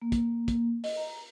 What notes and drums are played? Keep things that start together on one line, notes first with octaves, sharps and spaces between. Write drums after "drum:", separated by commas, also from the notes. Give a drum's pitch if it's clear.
A#3
drum: kick, hi-hat
drum: kick, hi-hat
D#5, drum: open hi-hat
A#5